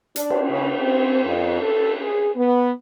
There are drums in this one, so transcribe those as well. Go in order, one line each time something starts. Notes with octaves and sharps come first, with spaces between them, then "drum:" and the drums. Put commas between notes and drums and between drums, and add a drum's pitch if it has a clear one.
D4, drum: hi-hat
drum: cymbal
C#3
C4
F2
A4
G#4
B3